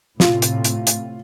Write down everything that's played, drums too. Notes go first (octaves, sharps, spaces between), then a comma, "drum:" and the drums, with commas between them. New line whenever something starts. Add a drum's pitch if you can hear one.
A2 C3 F4, drum: snare
drum: hi-hat
drum: hi-hat
drum: hi-hat